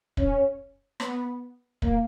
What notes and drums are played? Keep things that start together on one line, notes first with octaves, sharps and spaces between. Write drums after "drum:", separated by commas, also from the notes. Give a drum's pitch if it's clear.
C#4, drum: kick
B3, drum: rim click
A#3, drum: kick